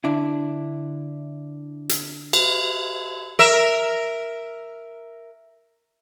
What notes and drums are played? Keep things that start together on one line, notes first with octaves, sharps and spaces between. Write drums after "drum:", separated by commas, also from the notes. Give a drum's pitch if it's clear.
D3 D4 E4
drum: hi-hat
drum: cymbal
A#4 E5